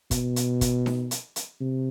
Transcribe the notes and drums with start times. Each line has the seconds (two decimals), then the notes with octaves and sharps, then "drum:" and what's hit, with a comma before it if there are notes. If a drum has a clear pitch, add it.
0.11 B2, drum: kick, hi-hat
0.36 drum: hi-hat
0.61 drum: kick, hi-hat
0.86 drum: snare D#4
1.11 drum: hi-hat
1.36 drum: hi-hat
1.61 C3